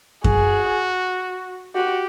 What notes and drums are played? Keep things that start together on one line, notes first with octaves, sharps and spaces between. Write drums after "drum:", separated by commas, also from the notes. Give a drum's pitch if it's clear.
F#4 G#4, drum: kick F#2
F#4 G4